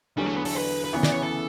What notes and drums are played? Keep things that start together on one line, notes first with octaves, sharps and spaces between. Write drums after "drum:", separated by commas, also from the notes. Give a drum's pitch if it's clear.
E2 D3 F#3 G3
A3
B3
A4, drum: open hi-hat
B4
B4
D2 C#3 E3 B3 C#5
D5, drum: snare
C#5
A4